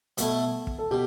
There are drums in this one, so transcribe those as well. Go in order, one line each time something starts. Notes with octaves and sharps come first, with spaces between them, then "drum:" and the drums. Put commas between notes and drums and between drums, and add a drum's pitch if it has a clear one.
B2 A3 E4 A4, drum: hi-hat
drum: kick
A4
B2 G4